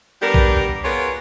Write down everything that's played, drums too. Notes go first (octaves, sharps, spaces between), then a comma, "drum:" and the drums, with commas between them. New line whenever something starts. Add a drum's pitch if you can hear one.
G3 B3 D4 G4 A#4
drum: kick A#1
B3 F4 G#4 A#4 C#5